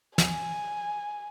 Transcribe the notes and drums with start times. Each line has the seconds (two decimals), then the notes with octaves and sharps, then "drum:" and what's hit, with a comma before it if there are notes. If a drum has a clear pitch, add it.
0.18 G#5, drum: snare